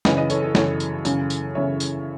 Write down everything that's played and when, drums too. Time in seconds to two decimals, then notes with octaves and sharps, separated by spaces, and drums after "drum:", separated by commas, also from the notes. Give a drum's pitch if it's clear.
0.05 F#2 C#3 E3 B4 D#5, drum: snare
0.17 B4 D#5
0.30 A4 C#5, drum: tambourine
0.43 A4
0.55 F#2 C#3 E3 A4 C#5, drum: snare
0.80 drum: tambourine
1.05 F#2 C#3 E3, drum: tambourine
1.30 drum: tambourine
1.55 F#2 C#3 E3 C#5 E5
1.80 drum: tambourine